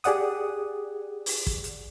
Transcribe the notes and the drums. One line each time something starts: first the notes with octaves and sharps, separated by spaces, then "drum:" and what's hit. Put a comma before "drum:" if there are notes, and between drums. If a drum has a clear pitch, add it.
G4 G#4 D5 F#5 D#6, drum: hi-hat
drum: open hi-hat
drum: kick
drum: hi-hat